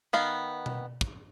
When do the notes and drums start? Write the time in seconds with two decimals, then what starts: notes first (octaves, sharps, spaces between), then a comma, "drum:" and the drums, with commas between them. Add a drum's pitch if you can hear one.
0.13 D#3 B3 F5
0.66 drum: tom B2
1.01 drum: kick